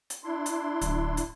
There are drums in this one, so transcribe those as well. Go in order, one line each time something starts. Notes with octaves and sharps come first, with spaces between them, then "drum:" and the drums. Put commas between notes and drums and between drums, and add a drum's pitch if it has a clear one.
drum: hi-hat
D4 E4 C6
drum: hi-hat
D1, drum: hi-hat
drum: hi-hat